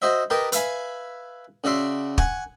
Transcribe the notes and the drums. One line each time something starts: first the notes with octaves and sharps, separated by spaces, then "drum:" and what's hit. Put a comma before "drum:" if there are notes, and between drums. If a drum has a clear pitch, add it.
F#4 C5 D#5 E5
G4 A#4 B4 D#5 G5 A5
B4 E5 F5 G#5 B5, drum: hi-hat
C#3 F#4 D5 E5 C6
F#5 G#5 C#6, drum: kick